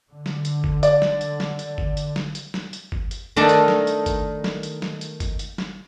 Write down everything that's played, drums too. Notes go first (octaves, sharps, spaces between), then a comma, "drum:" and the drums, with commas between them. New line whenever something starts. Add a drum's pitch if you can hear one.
D3
drum: snare
drum: hi-hat
drum: kick G1
D5, drum: hi-hat
drum: snare
drum: hi-hat
drum: snare
drum: hi-hat
drum: kick G1
drum: hi-hat
drum: snare
drum: hi-hat
drum: snare
drum: hi-hat
drum: kick G1
drum: hi-hat
D#3 A3 D4
drum: hi-hat
drum: snare
drum: hi-hat
drum: kick G1, hi-hat
drum: snare
drum: hi-hat
drum: snare
drum: hi-hat
drum: kick G1, hi-hat
drum: hi-hat
drum: snare